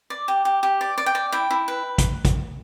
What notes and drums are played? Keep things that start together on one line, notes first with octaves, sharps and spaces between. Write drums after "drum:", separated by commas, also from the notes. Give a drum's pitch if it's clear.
D5
G4
G4
G4
D5
D5
G5
D5
E4 G5
E4
B4
drum: kick, hi-hat
drum: kick, hi-hat